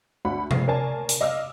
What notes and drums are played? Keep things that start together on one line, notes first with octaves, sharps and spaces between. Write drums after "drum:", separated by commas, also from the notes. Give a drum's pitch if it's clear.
D2 D4 F#5 B5
A1 F3 C7, drum: tom C3
A#4 C#5 D5 G#5 A5
drum: hi-hat
D#5 F5 D6 E6 F6